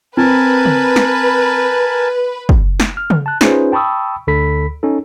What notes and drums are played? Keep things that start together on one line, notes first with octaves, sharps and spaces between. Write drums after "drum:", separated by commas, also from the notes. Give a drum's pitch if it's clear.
C4 A#4 B4 G#5 A5
drum: tom C#3
drum: snare
drum: kick
drum: snare
F6
drum: tom C#3
A5 F#6
C#4 D#4 F4 G#4 B4 C5, drum: snare
G5 A5 B5 C#6 D#6 E6
D2 D3 A4 B5 B6
C#4 D#4 A4